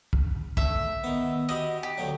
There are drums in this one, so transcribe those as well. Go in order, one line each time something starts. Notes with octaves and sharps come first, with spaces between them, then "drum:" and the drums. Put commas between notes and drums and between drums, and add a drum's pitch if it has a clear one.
drum: kick
A3 E5, drum: kick
D#3 B3
F#4 G4 D#5 B5
G4
D2 A2 F#3